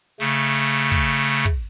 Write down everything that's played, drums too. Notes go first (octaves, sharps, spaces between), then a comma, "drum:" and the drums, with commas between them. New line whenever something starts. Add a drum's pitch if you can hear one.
C#3 A3, drum: hi-hat
drum: hi-hat
drum: kick, hi-hat
drum: kick